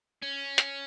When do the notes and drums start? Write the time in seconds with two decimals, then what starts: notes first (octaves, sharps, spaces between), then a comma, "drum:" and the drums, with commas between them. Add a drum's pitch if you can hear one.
0.22 C#4
0.58 drum: hi-hat